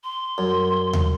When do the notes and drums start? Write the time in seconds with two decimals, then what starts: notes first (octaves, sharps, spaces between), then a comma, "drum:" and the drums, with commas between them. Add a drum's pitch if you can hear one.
0.04 C6
0.38 F#2
0.93 drum: tom D#2